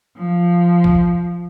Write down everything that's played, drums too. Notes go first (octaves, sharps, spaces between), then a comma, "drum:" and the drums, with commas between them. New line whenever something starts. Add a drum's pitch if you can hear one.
F3
drum: kick